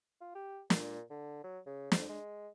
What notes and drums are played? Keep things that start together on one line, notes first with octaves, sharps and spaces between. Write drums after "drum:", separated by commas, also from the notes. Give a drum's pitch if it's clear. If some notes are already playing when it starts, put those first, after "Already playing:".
F4
G4
A#2, drum: snare
D3
F#3
C#3
F2, drum: snare
G#3